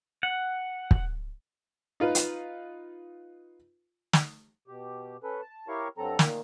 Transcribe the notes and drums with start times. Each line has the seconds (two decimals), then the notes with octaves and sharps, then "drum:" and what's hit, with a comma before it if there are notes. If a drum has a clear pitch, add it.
0.23 F#5
0.91 drum: kick
2.00 D#4 F4 B4
2.15 drum: hi-hat
4.13 drum: snare
4.68 B2 G4
5.23 C#4 A4 B4
5.41 A5
5.68 E4 G4 A#4 C#5 F5 C#6
5.98 G2 F#3 C4 A4 A#5
6.19 A#2 D#3 A#3, drum: snare